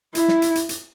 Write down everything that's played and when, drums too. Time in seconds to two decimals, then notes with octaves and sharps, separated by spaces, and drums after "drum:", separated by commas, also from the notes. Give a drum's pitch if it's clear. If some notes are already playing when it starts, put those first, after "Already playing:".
0.15 E4, drum: hi-hat
0.28 drum: snare
0.42 drum: hi-hat
0.55 drum: hi-hat
0.69 drum: hi-hat